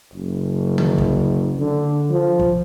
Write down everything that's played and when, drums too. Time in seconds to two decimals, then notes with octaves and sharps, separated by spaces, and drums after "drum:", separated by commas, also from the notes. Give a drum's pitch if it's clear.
0.14 F#1
0.78 drum: tom D3
0.98 drum: kick
1.59 D3
2.10 F3
2.39 drum: kick